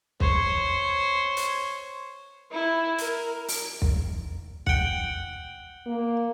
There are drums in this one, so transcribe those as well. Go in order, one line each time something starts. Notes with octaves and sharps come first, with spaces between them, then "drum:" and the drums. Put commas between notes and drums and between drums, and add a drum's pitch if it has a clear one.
C5 C#5, drum: kick
drum: hi-hat
E4
A#4, drum: hi-hat
drum: open hi-hat
drum: kick
F#5 G5, drum: kick
A#3